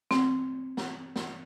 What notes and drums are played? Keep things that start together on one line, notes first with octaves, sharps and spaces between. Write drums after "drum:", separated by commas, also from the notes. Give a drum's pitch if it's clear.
C4, drum: snare
drum: snare
drum: snare